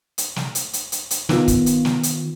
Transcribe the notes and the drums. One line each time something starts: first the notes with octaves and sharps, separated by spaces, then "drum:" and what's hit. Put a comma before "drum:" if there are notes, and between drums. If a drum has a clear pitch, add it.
drum: hi-hat
drum: snare
drum: hi-hat
drum: hi-hat
drum: hi-hat
drum: hi-hat
D#3 B3 F4, drum: snare
drum: kick, hi-hat
drum: hi-hat
drum: snare
drum: hi-hat